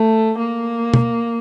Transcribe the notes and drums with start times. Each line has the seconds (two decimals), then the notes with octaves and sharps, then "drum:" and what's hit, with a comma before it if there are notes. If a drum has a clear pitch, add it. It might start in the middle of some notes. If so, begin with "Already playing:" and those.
Already playing: A3
0.38 A#3
0.94 drum: tom B2